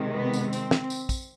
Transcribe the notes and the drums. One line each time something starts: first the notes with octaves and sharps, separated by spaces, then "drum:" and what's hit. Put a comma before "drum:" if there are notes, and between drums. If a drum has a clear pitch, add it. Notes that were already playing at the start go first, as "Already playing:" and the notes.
Already playing: C3 D#3 G#3
B3
drum: tambourine
C4, drum: tambourine
drum: snare
drum: tambourine
drum: kick, tambourine